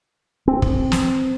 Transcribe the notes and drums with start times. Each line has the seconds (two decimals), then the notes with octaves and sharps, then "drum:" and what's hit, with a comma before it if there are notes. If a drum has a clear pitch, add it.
0.48 C4
0.62 drum: kick
0.92 drum: snare